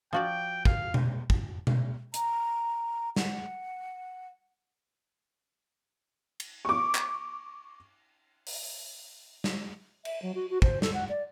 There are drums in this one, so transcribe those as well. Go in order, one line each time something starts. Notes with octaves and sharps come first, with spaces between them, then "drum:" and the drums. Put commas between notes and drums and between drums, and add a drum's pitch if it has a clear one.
F3 F#4 D5 G5
F5, drum: kick
drum: tom B2
drum: kick
drum: tom B2
A#5, drum: hi-hat
F#5, drum: snare
drum: cymbal
C#6 D6
drum: clap
drum: open hi-hat
drum: snare
E5, drum: cymbal
F#3
F#4
F#4
C5, drum: kick
A4, drum: snare
F#5
D5